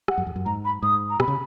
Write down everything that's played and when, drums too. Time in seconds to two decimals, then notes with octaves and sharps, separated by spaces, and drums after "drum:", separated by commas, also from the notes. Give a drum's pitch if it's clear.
0.08 F#5, drum: rim click
0.18 F#2
0.26 F2
0.36 F#2
0.45 G#2 A#5
0.64 B5
0.82 G#2 D#6
1.09 A#5
1.20 B2 B5, drum: rim click
1.28 C#3